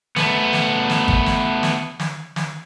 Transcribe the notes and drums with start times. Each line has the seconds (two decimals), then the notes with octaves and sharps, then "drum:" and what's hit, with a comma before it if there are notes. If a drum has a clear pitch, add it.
0.16 A3 B3, drum: snare
0.53 drum: snare
0.90 drum: snare
1.08 drum: kick G#1
1.26 drum: snare
1.63 drum: snare
2.00 drum: snare
2.36 drum: snare